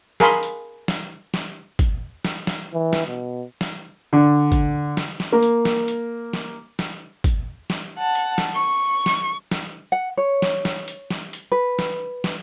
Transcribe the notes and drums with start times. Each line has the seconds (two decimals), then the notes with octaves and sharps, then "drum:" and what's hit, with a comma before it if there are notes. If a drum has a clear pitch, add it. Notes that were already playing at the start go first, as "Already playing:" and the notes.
0.20 G#4 A#4 F5 B5 C6, drum: snare
0.43 drum: hi-hat
0.88 drum: snare
1.34 drum: snare
1.79 drum: kick, hi-hat
2.25 drum: snare
2.47 drum: snare
2.73 E3
2.93 drum: snare
3.08 B2
3.61 drum: snare
4.13 D3
4.52 drum: kick, hi-hat
4.97 drum: snare
5.20 drum: snare
5.32 A#3
5.43 drum: hi-hat
5.65 drum: snare
5.88 drum: hi-hat
6.33 drum: snare
6.79 drum: snare
7.24 drum: kick, hi-hat
7.70 drum: snare
7.98 F#5 A5
8.15 drum: hi-hat
8.38 drum: snare
8.55 C#6
9.06 drum: snare
9.51 drum: snare
9.92 F#5
10.17 C#5
10.42 drum: snare
10.65 drum: snare
10.88 drum: hi-hat
11.10 drum: snare
11.33 drum: hi-hat
11.52 B4
11.79 drum: snare
12.24 drum: snare